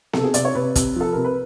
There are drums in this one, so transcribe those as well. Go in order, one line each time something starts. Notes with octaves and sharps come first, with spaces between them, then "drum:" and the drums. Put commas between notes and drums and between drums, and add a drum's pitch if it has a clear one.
C3 A4, drum: snare B3
G#4
C3 D5, drum: hi-hat
C#5
C3 B4
C3, drum: kick, hi-hat
F3 A4
C3 A#4
B4